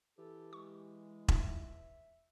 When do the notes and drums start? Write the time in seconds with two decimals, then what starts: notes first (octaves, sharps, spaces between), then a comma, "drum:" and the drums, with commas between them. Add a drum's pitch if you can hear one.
0.18 E3 G4 A4
0.53 G#3 C#6
1.28 A3 D#4 F4 E5, drum: kick E1